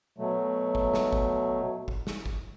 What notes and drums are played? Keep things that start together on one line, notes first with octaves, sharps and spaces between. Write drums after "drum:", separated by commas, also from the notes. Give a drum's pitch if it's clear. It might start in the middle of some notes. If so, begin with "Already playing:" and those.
B2 F#3 A3
drum: kick G1
drum: snare
drum: kick G1
drum: kick G1
drum: snare
drum: kick G1